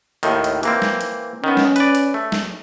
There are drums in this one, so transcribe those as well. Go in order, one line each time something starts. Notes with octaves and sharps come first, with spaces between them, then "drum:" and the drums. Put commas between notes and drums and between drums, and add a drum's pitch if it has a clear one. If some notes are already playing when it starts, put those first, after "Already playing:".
D#2 A2 D#3, drum: hi-hat
drum: hi-hat
E3 A#3 C4, drum: hi-hat
drum: snare
drum: hi-hat
D#3 B3 C#4
drum: snare
B4 D5, drum: hi-hat
drum: hi-hat
A3
drum: snare